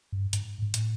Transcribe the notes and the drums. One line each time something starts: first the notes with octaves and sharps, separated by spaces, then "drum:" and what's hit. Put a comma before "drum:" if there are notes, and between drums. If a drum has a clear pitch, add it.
G2
G#2, drum: hi-hat
G#2
A2, drum: hi-hat